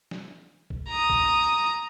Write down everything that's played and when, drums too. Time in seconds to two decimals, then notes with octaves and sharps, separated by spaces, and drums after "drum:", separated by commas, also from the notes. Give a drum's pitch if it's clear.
0.11 drum: snare
0.70 drum: kick A1
0.90 A#5 D#6
1.10 drum: kick A1